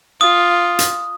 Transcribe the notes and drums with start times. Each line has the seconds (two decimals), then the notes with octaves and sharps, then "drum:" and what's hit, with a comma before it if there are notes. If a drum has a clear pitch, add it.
0.21 F4 D#6
0.79 drum: hi-hat